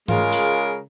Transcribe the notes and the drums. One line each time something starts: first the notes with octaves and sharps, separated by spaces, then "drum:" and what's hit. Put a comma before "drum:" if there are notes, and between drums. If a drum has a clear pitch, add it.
C#3 G#3 F4 A#4, drum: tom
drum: open hi-hat